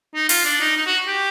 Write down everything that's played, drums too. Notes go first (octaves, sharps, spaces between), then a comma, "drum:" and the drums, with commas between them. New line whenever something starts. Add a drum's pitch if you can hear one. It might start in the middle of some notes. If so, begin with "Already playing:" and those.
D#4
F4, drum: open hi-hat
D4
D#4
D#4
F#4
G4